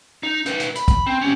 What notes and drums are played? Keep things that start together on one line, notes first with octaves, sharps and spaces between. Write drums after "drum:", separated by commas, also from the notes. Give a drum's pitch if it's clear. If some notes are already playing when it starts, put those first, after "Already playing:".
D#4
D#4 B4, drum: hi-hat
drum: hi-hat
B5, drum: hi-hat
drum: kick, hi-hat
C4
C#4 G4